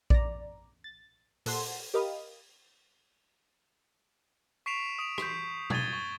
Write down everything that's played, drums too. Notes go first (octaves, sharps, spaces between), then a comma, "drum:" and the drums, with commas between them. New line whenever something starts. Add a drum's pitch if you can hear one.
D5 A#5, drum: kick A#1
A6
A#2 A4 F#5 C6, drum: open hi-hat
G4 A#4 D#5 F5 B5 D#6
C#6 B6 C7 D7 E7 F7
D#6 D7 F7
G6 B6, drum: rim click
D#6 G#6 A6 D#7 G7, drum: tom B2
C#6